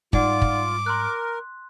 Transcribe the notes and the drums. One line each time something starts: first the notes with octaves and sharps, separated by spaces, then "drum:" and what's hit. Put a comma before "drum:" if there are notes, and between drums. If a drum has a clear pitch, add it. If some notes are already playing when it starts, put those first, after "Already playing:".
G#2 G3 D#4 F4 D5 F#5 D6, drum: kick
drum: kick
A#4 C6 F#6